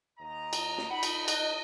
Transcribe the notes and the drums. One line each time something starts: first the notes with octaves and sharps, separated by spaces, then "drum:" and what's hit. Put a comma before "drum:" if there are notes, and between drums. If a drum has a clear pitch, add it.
D#2 D#5 A#5
drum: cymbal
drum: snare
D#4 F#5 B5
drum: cymbal
D#5 F#6, drum: cymbal